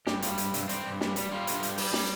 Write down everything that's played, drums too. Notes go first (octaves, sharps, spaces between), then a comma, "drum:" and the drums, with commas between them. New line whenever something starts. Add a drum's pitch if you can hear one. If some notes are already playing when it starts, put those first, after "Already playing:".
G2 G4, drum: snare
G3 F4, drum: hi-hat
G2, drum: hi-hat
G2 C4, drum: hi-hat
G2 C4, drum: hi-hat
G2
G3, drum: snare
G3, drum: hi-hat
G3 F4
G2, drum: hi-hat
G3, drum: hi-hat
G3, drum: open hi-hat
G3, drum: snare